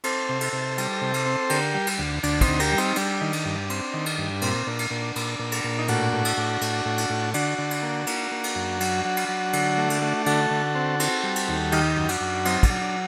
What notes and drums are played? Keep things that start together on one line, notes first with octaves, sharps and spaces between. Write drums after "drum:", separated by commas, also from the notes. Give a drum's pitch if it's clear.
C4 A4 C5, drum: cymbal
C3
drum: cymbal
C3
G3, drum: cymbal
C3
drum: cymbal
C4
D3 G4 A#4, drum: cymbal
G3
drum: cymbal
D2
D2 D4, drum: cymbal
C4 D#4, drum: kick, cymbal
D2
G4 A#4, drum: cymbal
G3
C4 D#4, drum: cymbal
G3 D4, drum: cymbal
D#3
drum: cymbal
G2
C4, drum: cymbal
D#3
drum: cymbal
G2
A#2 C4, drum: cymbal
A#2 D4
drum: cymbal
A#2 D4
A#2, drum: cymbal
A#2
drum: cymbal
A#2
D#4
A2 D4 F#4, drum: cymbal
A2
drum: cymbal
A2
A2, drum: cymbal
A2
drum: cymbal
A2
D3 D4 F#4, drum: cymbal
D3
drum: cymbal
A#3
A#3, drum: cymbal
A#3
drum: cymbal
F#2
F#3, drum: cymbal
F#3
drum: cymbal
F#3
D3, drum: cymbal
A3
drum: cymbal
A3
D3 F#4 A4, drum: cymbal
D3
C4
C4, drum: cymbal
G3
drum: cymbal
D#2
D#3 D#4 G4, drum: cymbal
F#2
D4 F#4, drum: cymbal
F#2
F#3 C4 D#4, drum: cymbal
D4, drum: kick, cymbal
F#3
D4